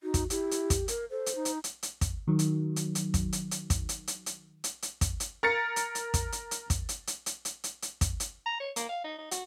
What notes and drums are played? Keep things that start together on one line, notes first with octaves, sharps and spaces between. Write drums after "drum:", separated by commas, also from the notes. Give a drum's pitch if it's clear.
D#4 F#4
drum: kick, hi-hat
E4 G4, drum: hi-hat
drum: hi-hat
drum: kick, hi-hat
A#4, drum: hi-hat
A4 C5
drum: hi-hat
D#4
drum: hi-hat
drum: hi-hat
drum: hi-hat
drum: kick, hi-hat
D#3 F#3
drum: hi-hat
drum: hi-hat
drum: hi-hat
drum: kick, hi-hat
drum: hi-hat
drum: hi-hat
drum: kick, hi-hat
drum: hi-hat
drum: hi-hat
drum: hi-hat
drum: hi-hat
drum: hi-hat
drum: kick, hi-hat
drum: hi-hat
A#4 A6 C#7
drum: hi-hat
drum: hi-hat
drum: kick, hi-hat
drum: hi-hat
drum: hi-hat
drum: kick, hi-hat
drum: hi-hat
drum: hi-hat
drum: hi-hat
drum: hi-hat
drum: hi-hat
drum: hi-hat
drum: kick, hi-hat
drum: hi-hat
A#5
C#5
A#3, drum: hi-hat
F5
D#4
D#4
F#4, drum: hi-hat